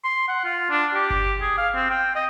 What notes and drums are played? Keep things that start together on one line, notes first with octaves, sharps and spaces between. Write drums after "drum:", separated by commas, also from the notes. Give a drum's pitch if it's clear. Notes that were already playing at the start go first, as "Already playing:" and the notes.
C6
F#5
F4
D4
G4
drum: kick G1
G#4
F5
C4
G5
D#5